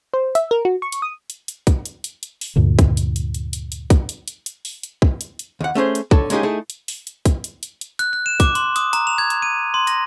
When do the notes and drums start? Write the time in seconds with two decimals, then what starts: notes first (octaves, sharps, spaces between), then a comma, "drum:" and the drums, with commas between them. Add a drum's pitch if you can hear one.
0.14 C5
0.35 E5, drum: hi-hat
0.51 A#4
0.65 F#4
0.82 C#6
0.92 drum: hi-hat
1.02 D#6
1.30 drum: hi-hat
1.48 drum: hi-hat
1.67 drum: kick, hi-hat
1.86 drum: hi-hat
2.04 drum: hi-hat
2.23 drum: hi-hat
2.41 drum: open hi-hat
2.56 D2 G2 A#2 D3
2.79 drum: kick, hi-hat
2.97 drum: hi-hat
3.16 drum: hi-hat
3.34 drum: hi-hat
3.53 drum: hi-hat
3.72 drum: hi-hat
3.90 drum: kick, hi-hat
4.09 drum: hi-hat
4.28 drum: hi-hat
4.46 drum: hi-hat
4.65 drum: open hi-hat
4.83 drum: hi-hat
5.02 drum: kick
5.21 drum: hi-hat
5.39 drum: hi-hat
5.61 D#2 F#5
5.75 A3 C#4 G#4 C5
5.95 drum: hi-hat
6.11 D3 A4 C#5, drum: kick
6.30 G#3 A#3 C#4 D#4 G4 G#4, drum: hi-hat
6.43 A3 D#4 E4 G#4
6.70 drum: hi-hat
6.88 drum: open hi-hat
7.07 drum: hi-hat
7.25 drum: kick, hi-hat
7.44 drum: hi-hat
7.63 drum: hi-hat
7.81 drum: hi-hat
7.99 F#6, drum: hi-hat
8.13 F#6
8.26 E7
8.40 D6, drum: kick, hi-hat
8.55 C6, drum: hi-hat
8.76 D#6, drum: hi-hat
8.93 A#5, drum: hi-hat
9.07 F7
9.18 G#6
9.30 drum: hi-hat
9.42 D#7
9.74 C6
9.87 A#6, drum: hi-hat